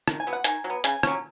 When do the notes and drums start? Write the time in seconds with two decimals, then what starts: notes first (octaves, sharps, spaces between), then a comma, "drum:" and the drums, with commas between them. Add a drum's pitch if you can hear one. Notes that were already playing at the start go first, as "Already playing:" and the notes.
0.08 D#3, drum: rim click
0.20 G#5
0.27 F#3 B3
0.33 F#5
0.44 D#3 G#5, drum: hi-hat
0.64 F#3
0.70 B3
0.84 C#3 G#5, drum: hi-hat
1.03 F#3 C#4, drum: rim click